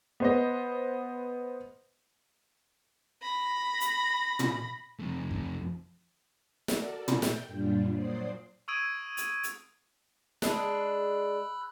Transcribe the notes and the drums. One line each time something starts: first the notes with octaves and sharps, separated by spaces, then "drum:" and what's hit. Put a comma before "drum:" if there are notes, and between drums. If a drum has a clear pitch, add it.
B3 C5 D#5
B5 A#6
drum: hi-hat
drum: tom
F2 A3
drum: kick
F#4 A4 A#4 D5 A5, drum: snare
G5 G6, drum: tom
drum: snare
F#2 A#2 G3 D4 F4
A#2 F#3 C5 D5 D#6 C7
C#6 D#6 E6 G#6 D7 D#7
drum: hi-hat
drum: hi-hat
G#3 D4 B5 E6 F#6, drum: snare